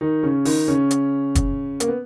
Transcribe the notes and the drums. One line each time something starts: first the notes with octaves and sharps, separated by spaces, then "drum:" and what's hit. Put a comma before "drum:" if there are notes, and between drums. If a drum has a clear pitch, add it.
D#3 D#4
C#3 C#4
D#3 D#4, drum: open hi-hat
C#3 C#4
drum: hi-hat
drum: kick, hi-hat
A#3, drum: hi-hat
B3